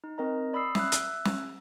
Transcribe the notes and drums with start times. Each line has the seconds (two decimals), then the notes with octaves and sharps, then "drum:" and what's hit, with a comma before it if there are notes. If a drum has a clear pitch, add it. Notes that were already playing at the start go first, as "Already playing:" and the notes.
0.04 D#4
0.18 C4 A#4 D#5 A#5
0.53 D5 B5 D#6 E6 C7
0.75 E5 E6 F#6, drum: snare
0.92 drum: hi-hat
1.26 drum: snare